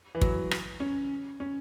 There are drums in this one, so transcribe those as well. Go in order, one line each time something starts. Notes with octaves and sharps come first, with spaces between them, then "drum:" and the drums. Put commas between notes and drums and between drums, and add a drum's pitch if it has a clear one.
E3
F#3, drum: kick
drum: rim click
C#4
C#4